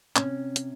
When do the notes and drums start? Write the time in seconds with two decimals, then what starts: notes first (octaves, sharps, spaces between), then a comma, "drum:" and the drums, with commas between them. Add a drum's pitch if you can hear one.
0.16 C3 C#4, drum: clap
0.56 drum: hi-hat